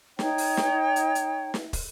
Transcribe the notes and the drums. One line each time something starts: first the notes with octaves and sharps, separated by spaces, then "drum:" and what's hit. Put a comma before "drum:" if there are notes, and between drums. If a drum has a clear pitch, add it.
D#4 C#5 G5, drum: snare
drum: open hi-hat
drum: snare
drum: hi-hat
drum: hi-hat
drum: snare
drum: kick, open hi-hat